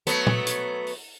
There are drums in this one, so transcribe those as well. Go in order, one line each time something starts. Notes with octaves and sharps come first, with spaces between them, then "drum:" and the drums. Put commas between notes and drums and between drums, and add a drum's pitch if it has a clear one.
F#3 A3 B3, drum: hi-hat
drum: tom
drum: hi-hat
drum: open hi-hat